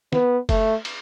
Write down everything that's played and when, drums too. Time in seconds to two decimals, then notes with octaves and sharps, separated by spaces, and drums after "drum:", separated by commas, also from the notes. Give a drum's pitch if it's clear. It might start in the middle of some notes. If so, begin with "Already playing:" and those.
0.13 B3, drum: snare
0.49 A3, drum: kick F1, cymbal
0.85 drum: cymbal